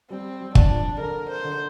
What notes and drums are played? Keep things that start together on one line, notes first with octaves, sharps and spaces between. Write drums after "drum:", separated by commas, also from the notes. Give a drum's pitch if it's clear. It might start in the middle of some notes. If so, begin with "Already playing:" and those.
G3 C4
G3
D4, drum: kick
F3
D3 A#4
C5
D3